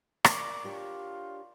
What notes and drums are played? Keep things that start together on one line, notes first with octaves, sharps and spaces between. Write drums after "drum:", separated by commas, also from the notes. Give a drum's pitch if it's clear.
A#4 D5 C#6, drum: rim click
D4 F4 G4 C#5